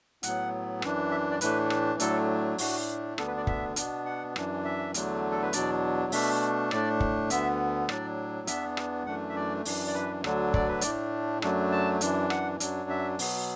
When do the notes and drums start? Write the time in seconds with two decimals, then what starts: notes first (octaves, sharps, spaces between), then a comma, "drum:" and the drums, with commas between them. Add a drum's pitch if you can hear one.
0.23 A2 F#3 B3 F#5, drum: hi-hat
0.82 F#2 E3 D4, drum: rim click
1.11 E5
1.31 D5
1.41 A2 E3 A3 D4 B4, drum: hi-hat
1.70 drum: rim click
2.00 A2 F#3 A3 D4 A4, drum: hi-hat
2.58 A2 A3 D4 F#4, drum: open hi-hat
3.18 D2 D3 B3 D4 A4, drum: rim click
3.27 B4
3.37 D5
3.47 E5, drum: kick
3.76 B2 B3 D4, drum: hi-hat
4.06 F#5
4.36 F#2 E3 D4, drum: rim click
4.65 E5
4.94 E2 D3 F#3 A3 D4, drum: hi-hat
5.31 A4
5.42 B4
5.53 E2 B2 F#3 D4 D5, drum: hi-hat
6.12 B2 A3 D4 E5, drum: open hi-hat
6.71 A2 A3 D4 D5, drum: rim click
7.00 drum: kick
7.30 D2 D3 B3 E5, drum: hi-hat
7.89 A2 F#3 D4 D5, drum: rim click
8.47 E2 E3 B3 D4 E5, drum: hi-hat
8.77 drum: rim click
9.06 F#2 E3 A3 D4 F#5
9.29 E5
9.36 D5
9.65 F#2 E3 D4, drum: open hi-hat
9.87 D5
9.94 B4
10.24 D2 D3 F#3 D4, drum: rim click
10.54 D5, drum: kick
10.68 B4
10.81 A2 A3 D4 D5, drum: hi-hat
11.42 F#2 F#3 A3 D4, drum: rim click
11.72 A5
12.01 F#2 E3 D4, drum: hi-hat
12.30 F#5, drum: rim click
12.60 F#2 F#3 D4, drum: hi-hat
12.90 E5
13.19 B2 F#3 B3, drum: open hi-hat